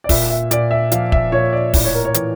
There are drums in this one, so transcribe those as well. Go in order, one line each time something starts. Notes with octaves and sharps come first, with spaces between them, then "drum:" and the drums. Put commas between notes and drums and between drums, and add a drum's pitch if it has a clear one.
D5
A#2 E5, drum: kick, open hi-hat
E5
A#2 D5, drum: hi-hat
E5
F3 F5, drum: hi-hat
E5, drum: kick
A#2 C#5
D5
A2 D5, drum: kick, open hi-hat
C#5
A#4
C#5
E3, drum: hi-hat